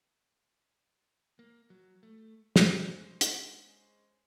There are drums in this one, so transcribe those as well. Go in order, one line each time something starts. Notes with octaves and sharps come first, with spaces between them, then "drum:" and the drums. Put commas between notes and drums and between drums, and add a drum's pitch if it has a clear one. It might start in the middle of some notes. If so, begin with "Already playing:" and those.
A#3
F#3
A3
G#3 C#4 C5, drum: snare
drum: hi-hat